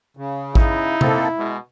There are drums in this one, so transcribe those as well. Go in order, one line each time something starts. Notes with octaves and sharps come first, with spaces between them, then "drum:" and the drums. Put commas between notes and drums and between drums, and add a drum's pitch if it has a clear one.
C#3
D#4 E4, drum: kick A1
A#3 C4 A4, drum: tom C3
B2 G#3